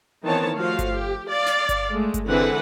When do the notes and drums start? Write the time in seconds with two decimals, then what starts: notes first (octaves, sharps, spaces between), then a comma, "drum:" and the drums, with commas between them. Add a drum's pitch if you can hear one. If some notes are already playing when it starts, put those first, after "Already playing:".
0.24 D#3 E3 B3 C4 C#5 A5
0.56 F3 A3 F#4 F5
0.79 drum: kick G1, hi-hat
0.93 G4
1.28 D5 F5
1.46 drum: snare
1.69 drum: kick G1, hi-hat
1.91 G#3 A3
2.14 drum: kick G1, hi-hat
2.27 D3 E3 G#3 C4 B4 F#5